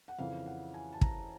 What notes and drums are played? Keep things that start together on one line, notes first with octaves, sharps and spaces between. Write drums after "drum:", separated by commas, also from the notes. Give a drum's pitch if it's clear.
F#5
F2 C#3 E3 F5
F#5
G#5
A5
A#5, drum: kick